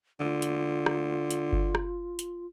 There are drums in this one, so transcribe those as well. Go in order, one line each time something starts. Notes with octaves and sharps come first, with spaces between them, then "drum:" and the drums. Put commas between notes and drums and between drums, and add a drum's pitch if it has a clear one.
D3 F4
drum: hi-hat
drum: rim click
drum: hi-hat
drum: kick G1
drum: rim click
drum: hi-hat